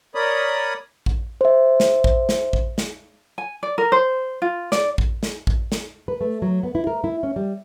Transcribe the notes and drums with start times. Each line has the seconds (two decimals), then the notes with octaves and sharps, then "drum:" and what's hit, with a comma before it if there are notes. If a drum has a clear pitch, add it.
0.15 A#4 C#5 D5 B5 D#6
1.06 drum: kick A1
1.41 C5 E5
1.80 drum: snare
2.04 drum: kick A1
2.29 drum: snare
2.53 drum: kick A1
2.78 drum: snare
3.38 G#5
3.63 D5
3.78 A#4
3.92 C5
4.42 F4
4.72 D5, drum: snare
4.98 drum: kick A1
5.23 drum: snare
5.47 drum: kick A1
5.72 drum: snare
6.08 B4
6.21 A3
6.42 F#3
6.63 B3
6.75 E4
6.87 A#4
7.04 E4
7.23 C#4
7.36 G3